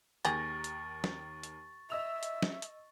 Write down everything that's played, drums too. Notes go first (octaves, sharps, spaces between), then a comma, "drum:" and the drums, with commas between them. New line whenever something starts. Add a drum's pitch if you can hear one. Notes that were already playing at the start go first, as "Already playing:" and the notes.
D#2 D#3 G4 G#4 C#6 A6 A#6, drum: hi-hat
drum: hi-hat
drum: snare
drum: hi-hat
D#5 E5 E6 F7
drum: hi-hat
drum: snare
drum: hi-hat